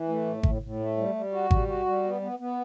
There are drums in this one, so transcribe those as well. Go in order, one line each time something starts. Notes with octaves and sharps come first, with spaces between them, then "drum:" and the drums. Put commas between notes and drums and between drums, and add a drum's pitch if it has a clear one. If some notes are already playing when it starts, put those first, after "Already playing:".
Already playing: E3
A3
A2
A2, drum: kick G#1
A2
A3
G3
G3
F#4
G3, drum: kick G#1
F#4
G3
B3
B3
B3